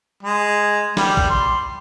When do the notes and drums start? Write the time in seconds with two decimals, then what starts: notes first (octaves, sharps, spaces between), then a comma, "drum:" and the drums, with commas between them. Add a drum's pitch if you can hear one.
0.23 G#3
0.97 G3, drum: snare
1.17 drum: kick A#1
1.30 C6